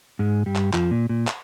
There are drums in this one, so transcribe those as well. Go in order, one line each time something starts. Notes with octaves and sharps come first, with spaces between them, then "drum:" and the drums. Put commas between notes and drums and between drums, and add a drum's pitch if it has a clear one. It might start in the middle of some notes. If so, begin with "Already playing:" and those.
G#2 G#3
G2 G3
drum: clap
F2 F3, drum: clap
A#2
A#2
drum: clap